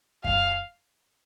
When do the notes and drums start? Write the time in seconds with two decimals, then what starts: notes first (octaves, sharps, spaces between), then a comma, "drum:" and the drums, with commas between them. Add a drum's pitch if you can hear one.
0.24 F5, drum: kick F#2